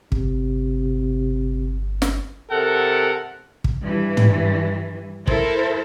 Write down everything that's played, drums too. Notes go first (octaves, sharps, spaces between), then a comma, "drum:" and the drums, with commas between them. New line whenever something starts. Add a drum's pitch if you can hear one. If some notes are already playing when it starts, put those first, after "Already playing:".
G1 C3, drum: kick
drum: snare
C3 A4 A#4 F#5
drum: kick
G2 E3
drum: tom
E4 A4 A#4 C5, drum: kick